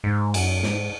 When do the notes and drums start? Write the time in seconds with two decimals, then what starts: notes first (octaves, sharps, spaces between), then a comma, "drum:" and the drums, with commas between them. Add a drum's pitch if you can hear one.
0.04 G#2
0.34 F#2, drum: cymbal
0.63 G#2, drum: snare